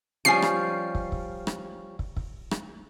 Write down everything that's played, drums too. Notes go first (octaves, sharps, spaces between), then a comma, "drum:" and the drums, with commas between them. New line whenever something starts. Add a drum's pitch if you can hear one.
F3 G3 C#4 D5 G#5 C7
drum: rim click
drum: kick
drum: kick
drum: rim click
drum: kick
drum: kick
drum: rim click